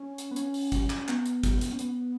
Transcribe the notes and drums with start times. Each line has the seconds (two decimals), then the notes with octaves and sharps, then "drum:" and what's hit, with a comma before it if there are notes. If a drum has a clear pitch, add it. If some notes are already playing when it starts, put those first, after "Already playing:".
Already playing: C#4
0.18 drum: hi-hat
0.31 B3
0.36 C#4, drum: hi-hat
0.54 drum: open hi-hat
0.72 drum: kick, hi-hat
0.90 drum: clap
1.08 B3, drum: clap
1.26 drum: hi-hat
1.43 drum: kick, hi-hat
1.61 drum: hi-hat
1.72 C#4
1.79 B3, drum: hi-hat